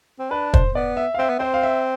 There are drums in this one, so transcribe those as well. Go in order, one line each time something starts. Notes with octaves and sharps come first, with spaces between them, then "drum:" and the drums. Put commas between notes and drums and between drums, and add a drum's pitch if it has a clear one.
C4
D4 B4
C5, drum: kick
B3 D5
E5
F5
C4 E5
B3
C4 C5
F5
E5